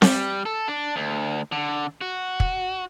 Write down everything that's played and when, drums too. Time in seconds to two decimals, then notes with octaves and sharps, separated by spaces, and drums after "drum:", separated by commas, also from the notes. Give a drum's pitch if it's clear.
0.02 G3, drum: snare C4
0.46 A4
0.68 D4
0.96 D2
1.52 D3
2.01 F#4
2.40 drum: kick